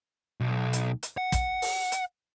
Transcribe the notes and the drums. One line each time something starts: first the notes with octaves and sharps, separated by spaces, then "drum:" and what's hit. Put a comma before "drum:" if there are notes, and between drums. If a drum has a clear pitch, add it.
B1
drum: hi-hat
drum: hi-hat
F#5
drum: kick, hi-hat
drum: open hi-hat
drum: hi-hat